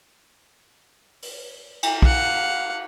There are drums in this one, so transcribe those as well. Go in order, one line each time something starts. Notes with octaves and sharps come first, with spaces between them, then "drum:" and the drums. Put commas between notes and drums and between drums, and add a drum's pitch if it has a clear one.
drum: open hi-hat
drum: cymbal
F5 F#5, drum: kick